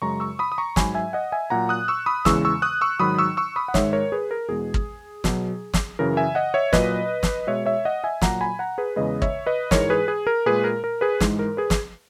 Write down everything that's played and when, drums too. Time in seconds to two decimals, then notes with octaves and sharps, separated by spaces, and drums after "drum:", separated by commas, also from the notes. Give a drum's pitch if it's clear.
0.02 F#2 C#3 G#3 A#5 C#6
0.20 C#6 E6
0.39 B5 D#6
0.52 D#6
0.58 A#5 C#6
0.76 G#2 F#3 G#5 B5, drum: snare
0.94 E5 G#5
1.13 D#5 F#5
1.32 E5 G#5
1.50 A#2 F#3 F#5 A#5
1.69 D#6 F#6
1.88 C#6 E6
2.06 B5 D#6
2.25 E2 C#3 E3 G#3 C#6 E6, drum: snare
2.45 C#6 E6
2.62 D#6 F#6
2.81 C#6 E6
3.00 G#2 D#3 F#3 B5 D#6
3.19 C#6 E6
3.37 C#6 E6
3.56 B5 D#6
3.68 F#5
3.74 G#2 D#3 G#3 C#5 E5, drum: snare
3.93 A#4 C#5
4.12 G#4 B4
4.31 A#4
4.49 E2 B2 G#3 G#4
4.74 drum: kick
5.24 B2 F#3, drum: snare
5.74 drum: snare
5.99 F#2 C#3 E3 A#4
6.17 E5 G#5
6.35 D#5 F#5
6.54 C#5 E5
6.73 A#2 F#3 B4 D#5, drum: snare
7.23 drum: snare
7.47 B2 G#3 C#5 E5
7.66 C#5 E5
7.85 D#5 F#5
8.04 E5 G#5
8.22 A#2 F#3 F#5 A#5, drum: snare
8.41 G#5 B5
8.59 F#5 A#5
8.78 G#4 B4
8.96 E2 C#3 G#3 B4 D#5
9.22 C#5 E5, drum: kick
9.46 B4 D#5
9.71 G#2 E3 G#3 A#4 C#5, drum: snare
9.90 G#4 B4
10.08 G#4
10.27 A#4
10.46 A#2 G#3 G#4 B4
10.64 A#4
10.84 A#4
11.01 G#4 B4
11.20 G#2 E3 G#3, drum: snare
11.39 A#4
11.57 G#4 B4
11.70 drum: snare